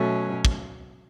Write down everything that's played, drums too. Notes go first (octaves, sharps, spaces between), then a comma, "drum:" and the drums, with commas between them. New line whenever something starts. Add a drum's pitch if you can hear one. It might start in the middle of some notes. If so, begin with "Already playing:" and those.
Already playing: B2 F#3 A3 C#4
drum: kick